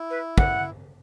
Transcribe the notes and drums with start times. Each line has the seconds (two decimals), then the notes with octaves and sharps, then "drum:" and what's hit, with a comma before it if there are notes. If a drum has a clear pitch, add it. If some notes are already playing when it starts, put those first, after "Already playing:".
Already playing: E4
0.10 B4
0.38 F#5, drum: kick